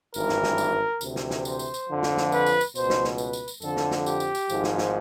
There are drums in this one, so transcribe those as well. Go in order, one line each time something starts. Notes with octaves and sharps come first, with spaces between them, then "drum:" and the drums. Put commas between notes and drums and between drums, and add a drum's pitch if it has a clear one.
G#1 G2 E3 A#4, drum: tambourine
drum: snare
drum: snare
drum: tambourine
D2 C3 E3, drum: tambourine
drum: snare
drum: snare
C5, drum: tambourine
drum: tambourine
drum: tambourine
F2 D3 F3
drum: snare
drum: snare
B4, drum: tambourine
drum: tambourine
drum: tambourine
C#2 B2 C5, drum: tambourine
drum: snare
drum: snare
B4, drum: tambourine
drum: tambourine
drum: tambourine
F2 D3 F3 A4, drum: tambourine
drum: snare
drum: snare
G4, drum: tambourine
drum: tambourine
drum: tambourine
G#1 G#2 F3, drum: tambourine
drum: snare
drum: snare